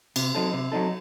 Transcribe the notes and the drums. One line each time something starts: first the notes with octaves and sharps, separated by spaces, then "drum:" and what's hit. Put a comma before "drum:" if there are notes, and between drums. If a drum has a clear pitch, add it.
C3, drum: cymbal
F#3 C4 D#4 A4
C3
F#3 C4 D#4 A4